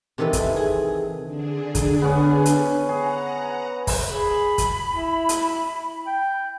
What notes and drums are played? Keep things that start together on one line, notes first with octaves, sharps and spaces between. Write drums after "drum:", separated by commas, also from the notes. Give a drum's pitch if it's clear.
C3 D#3 E3 A4 B4
drum: kick, hi-hat
G#4
D3 D4 G#4
drum: kick, hi-hat
B3 C#4
drum: hi-hat
G#4 F#5 A#5
drum: kick, open hi-hat
G#4 B5
drum: kick, hi-hat
E4
drum: hi-hat
G5